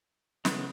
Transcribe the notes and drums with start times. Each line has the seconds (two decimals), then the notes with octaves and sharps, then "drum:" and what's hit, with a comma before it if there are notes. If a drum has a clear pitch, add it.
0.45 C#3 G#3 B3, drum: snare